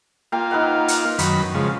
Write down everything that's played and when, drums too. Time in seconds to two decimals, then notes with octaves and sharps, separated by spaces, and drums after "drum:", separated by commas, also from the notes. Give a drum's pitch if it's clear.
0.32 A#3 F4 G5
0.51 D#4 B4 F#5
0.88 drum: hi-hat
1.19 F#2 D#3 B5, drum: hi-hat
1.54 C#3 F3 G#3